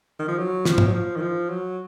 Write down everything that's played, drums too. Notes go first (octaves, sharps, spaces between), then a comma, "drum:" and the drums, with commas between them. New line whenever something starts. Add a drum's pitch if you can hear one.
D#3
F3
F#3
F3, drum: snare
drum: tom
F#3
F3
D#3
F3
F#3